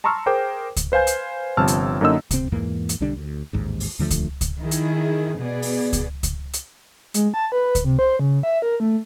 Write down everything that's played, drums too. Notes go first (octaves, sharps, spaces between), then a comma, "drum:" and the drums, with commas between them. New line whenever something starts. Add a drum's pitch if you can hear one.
A5 A#5 C6 C#6 E6 F6
G#4 A#4 C5 G5 D6
drum: kick C#2, hi-hat
B4 C5 F5 G#5 G6
drum: hi-hat
G1 C3 F3 A5 E6 F6
drum: hi-hat
F#2 D3 A#3 D#4 D#5 E6
D1 C3 C4, drum: kick C#2, hi-hat
E2 G#2 E3 A#3
drum: hi-hat
B1 D3 G3 D4
D2
A1 D#2 G#2
drum: open hi-hat
D#2 D3 F3 A3
drum: kick C#2, hi-hat
drum: kick C#2, hi-hat
D#3 E4 G#4
drum: hi-hat
B2 B3 G#4 D5
drum: open hi-hat
drum: kick C#2, hi-hat
drum: kick C#2, hi-hat
drum: hi-hat
G#3, drum: hi-hat
A5
B4
drum: kick C#2, hi-hat
C3
C5
C#3
E5
A#4
A3